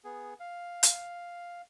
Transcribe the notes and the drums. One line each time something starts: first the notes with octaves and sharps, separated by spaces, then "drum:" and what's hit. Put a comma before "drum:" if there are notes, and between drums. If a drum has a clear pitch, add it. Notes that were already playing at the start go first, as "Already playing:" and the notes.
B3 G#4
F5
drum: hi-hat